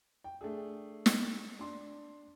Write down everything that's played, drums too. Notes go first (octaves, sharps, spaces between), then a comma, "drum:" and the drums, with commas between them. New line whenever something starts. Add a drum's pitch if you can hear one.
G5
A3 D4 G#4
drum: snare
D4 C6